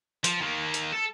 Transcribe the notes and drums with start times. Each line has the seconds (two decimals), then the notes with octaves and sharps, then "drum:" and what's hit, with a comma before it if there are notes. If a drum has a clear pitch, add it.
0.24 F3, drum: hi-hat
0.42 D#3 A#3
0.74 drum: hi-hat
0.93 A4